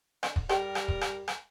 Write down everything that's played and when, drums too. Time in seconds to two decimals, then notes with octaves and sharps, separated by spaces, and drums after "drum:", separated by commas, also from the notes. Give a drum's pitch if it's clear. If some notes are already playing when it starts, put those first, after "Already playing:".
0.23 D3, drum: rim click
0.36 drum: kick
0.49 G3 G4 A4 A#4 G5, drum: rim click
0.75 drum: rim click
0.88 drum: kick
1.01 drum: rim click
1.28 drum: rim click